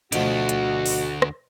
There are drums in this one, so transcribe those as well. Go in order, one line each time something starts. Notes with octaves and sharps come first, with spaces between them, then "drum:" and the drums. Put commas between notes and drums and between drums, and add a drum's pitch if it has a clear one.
D2 B2 D3 F3 A3 F#4, drum: hi-hat
drum: hi-hat
drum: open hi-hat
drum: rim click